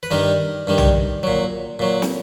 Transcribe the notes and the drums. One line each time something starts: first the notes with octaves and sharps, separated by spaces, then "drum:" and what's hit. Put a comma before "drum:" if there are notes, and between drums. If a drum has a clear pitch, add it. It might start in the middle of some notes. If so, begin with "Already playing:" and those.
B4
G2 D#3 G3 A#4
G2 D#3 G3
drum: tom
A#2 F#3
A#2 F#3
drum: snare